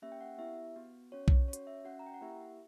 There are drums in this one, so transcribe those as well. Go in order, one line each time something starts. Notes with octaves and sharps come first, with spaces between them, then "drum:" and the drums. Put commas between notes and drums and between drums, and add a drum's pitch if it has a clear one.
A#3 C#4 G4 E5
G5
F#5
B3 E4 G4 E5
B3 F#4
C#4 F#4 C#5
drum: kick B1
C#4 C#5
F#4, drum: hi-hat
E5
C#4 F#4 F#5
A#5
G5
F#5
A#3 E4 G4 E5